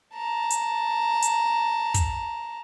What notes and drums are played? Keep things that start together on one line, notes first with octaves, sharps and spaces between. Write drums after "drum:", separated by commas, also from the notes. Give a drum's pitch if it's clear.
A5 A#5
drum: hi-hat
drum: hi-hat
drum: kick, hi-hat